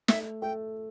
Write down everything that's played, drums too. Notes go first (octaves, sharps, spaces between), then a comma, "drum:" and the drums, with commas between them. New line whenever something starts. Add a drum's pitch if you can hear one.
A3 E5, drum: snare
A3 G5